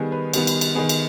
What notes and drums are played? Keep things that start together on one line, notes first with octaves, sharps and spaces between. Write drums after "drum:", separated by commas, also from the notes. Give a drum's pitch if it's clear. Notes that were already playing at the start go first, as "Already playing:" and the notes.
Already playing: D#3 G3 B3 G#4
B4
D#3 G3 B3, drum: cymbal
drum: cymbal
drum: cymbal
D#3 B3 G#4
drum: cymbal